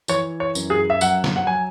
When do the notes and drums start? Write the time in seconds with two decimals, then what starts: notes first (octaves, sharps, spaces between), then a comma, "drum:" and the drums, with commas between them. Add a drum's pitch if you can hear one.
0.08 E3 C#5, drum: tambourine
0.40 C#5
0.55 F#2, drum: tambourine
0.70 G#4
0.90 E5
1.01 F#3 F#5, drum: tambourine
1.24 drum: snare
1.36 F#5
1.47 F#3 G#5